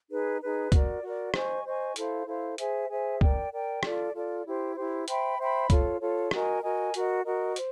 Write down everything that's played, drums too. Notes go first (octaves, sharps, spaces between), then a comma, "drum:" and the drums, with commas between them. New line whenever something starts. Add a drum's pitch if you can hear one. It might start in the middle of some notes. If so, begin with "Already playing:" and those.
D#4 G#4 B4
D#4 G#4 B4
F#4 A#4 D5, drum: kick C2, hi-hat
F#4 A#4 D5
C5 D#5 G#5 C#6, drum: rim click
C5 D#5 G#5 C#6
E4 A4 C5 F5, drum: hi-hat
E4 A4 C5 F5
G#4 C5 E5 G#5, drum: hi-hat
G#4 C5 E5 G#5
A#4 D5 G5, drum: kick C2
A#4 D5 G5
F4 A4 D5, drum: rim click
F4 A4 D5
E4 G4 C5
E4 G4 C5
C5 E5 G5 B5, drum: hi-hat
C5 E5 G5 B5
F4 A4 C#5, drum: kick C2, hi-hat
F4 A4 C#5
F#4 A#4 D#5 G#5, drum: rim click
F#4 A#4 D#5 G#5
F#4 A#4 D#5, drum: hi-hat
F#4 A#4 D#5
C5, drum: hi-hat